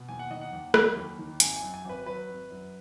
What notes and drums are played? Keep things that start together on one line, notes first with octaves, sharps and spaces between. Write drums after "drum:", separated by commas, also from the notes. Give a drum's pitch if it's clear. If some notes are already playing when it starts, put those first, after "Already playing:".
Already playing: B2
D#2 G#5
F#5
D#3 D#5
F#5
D#2
F#3 B5, drum: rim click
D#2
D#3
G#1 G#5, drum: hi-hat
G#5
F#2
G#5
G#1 B4
F#3 B4
G#1
F#2